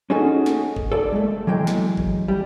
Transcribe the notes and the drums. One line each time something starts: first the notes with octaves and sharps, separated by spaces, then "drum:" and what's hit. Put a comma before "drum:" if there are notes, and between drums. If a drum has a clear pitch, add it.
C#4 D#4 F#4 G#4 A4
drum: snare
drum: kick
A4 D5
G#3 A3
E3 F#3 G#3 G5
drum: snare
drum: kick
G3